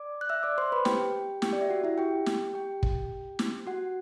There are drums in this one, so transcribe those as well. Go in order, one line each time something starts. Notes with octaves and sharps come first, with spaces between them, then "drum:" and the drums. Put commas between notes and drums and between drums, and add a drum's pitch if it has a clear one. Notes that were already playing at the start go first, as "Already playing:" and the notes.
Already playing: D5 D6
F#6
E5 E6
D5 D6
C5 C6
B4 B5
G4 G5, drum: snare
G4 G5, drum: snare
D5
E5
F#4 F#5
E4 E5
G4 G5
drum: snare
G4 G5
drum: kick
drum: snare
F#4 F#5